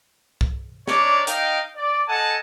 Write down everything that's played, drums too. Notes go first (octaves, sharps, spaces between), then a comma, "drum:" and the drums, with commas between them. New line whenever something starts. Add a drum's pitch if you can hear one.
drum: kick
D4 D#4 A#4 C#5 D5, drum: snare
D#4 D#5 F5 G5, drum: hi-hat
D5
A4 D#5 F#5 G#5 A5